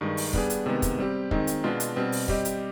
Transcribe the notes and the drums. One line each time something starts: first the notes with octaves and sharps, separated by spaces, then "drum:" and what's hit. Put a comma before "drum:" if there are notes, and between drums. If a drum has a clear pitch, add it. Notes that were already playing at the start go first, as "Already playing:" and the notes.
G2 D#3 G#3
drum: open hi-hat
G3 B3 D4 G#4, drum: kick
drum: hi-hat
C3 D#3 G#3 B3
drum: kick, hi-hat
G3 C4 G4
D#3 G#3 C4 D#4, drum: kick
drum: hi-hat
B2 G#3 D4 F4 B4
drum: hi-hat
B2 G3 C4
drum: open hi-hat
G3 C4 G4 C5 D#5, drum: kick
drum: hi-hat